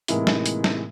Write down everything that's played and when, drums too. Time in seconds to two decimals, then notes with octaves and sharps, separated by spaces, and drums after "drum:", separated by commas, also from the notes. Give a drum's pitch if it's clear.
0.08 A2 C3 E3 G#3 A#3 D#4, drum: hi-hat
0.27 drum: snare
0.46 drum: hi-hat
0.64 drum: snare